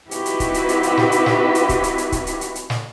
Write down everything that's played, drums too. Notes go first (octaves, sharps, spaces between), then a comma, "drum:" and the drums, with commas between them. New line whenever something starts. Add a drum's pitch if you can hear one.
C4 D#4 E4 F#4 G4 B4, drum: hi-hat
drum: hi-hat
drum: kick C#1, hi-hat
drum: hi-hat
drum: hi-hat
drum: hi-hat
drum: snare
drum: hi-hat
drum: snare
drum: hi-hat
drum: kick C#1, hi-hat
drum: hi-hat
drum: hi-hat
drum: kick C#1, hi-hat
drum: hi-hat
drum: hi-hat
drum: hi-hat
drum: snare